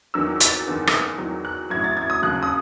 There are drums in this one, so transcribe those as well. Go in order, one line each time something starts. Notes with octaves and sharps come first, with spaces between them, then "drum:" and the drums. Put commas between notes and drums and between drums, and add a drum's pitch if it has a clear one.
E2 D#3 F#3 E6
A6, drum: hi-hat
F#1 E2 D#3
drum: rim click
E2 D#3 F#3
F#6
A1 A2 F#3 G#6
A6
G#6
D#6
D#2 C#3 F#3 F#6
D#6